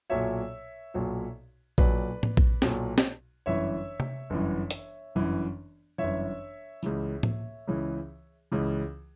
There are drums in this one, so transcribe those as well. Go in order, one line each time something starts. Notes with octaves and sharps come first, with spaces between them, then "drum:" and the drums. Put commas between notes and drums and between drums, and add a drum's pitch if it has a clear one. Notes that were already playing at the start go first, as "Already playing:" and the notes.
B1 A#2 F#3 C#5 E5
B1 A#2 F#3
B1 A#2 F#3 B4 D5, drum: kick A#1
drum: tom A2
drum: kick A#1
B1 A#2 F#3, drum: snare
drum: snare
G1 F#2 E3 C#5 E5
drum: tom C3
G1 F#2 E3
drum: hi-hat
G1 F#2 E3
G1 F#2 E3 C#5 E5
C#2 C#3 E3, drum: tambourine
drum: tom A2
C#2 C#3 E3
C#2 C#3 E3